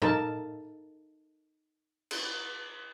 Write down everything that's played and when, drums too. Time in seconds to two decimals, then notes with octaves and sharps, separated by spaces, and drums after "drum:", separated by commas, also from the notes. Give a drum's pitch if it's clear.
0.02 D#4 A4 A#4 A5, drum: tom
2.11 drum: cymbal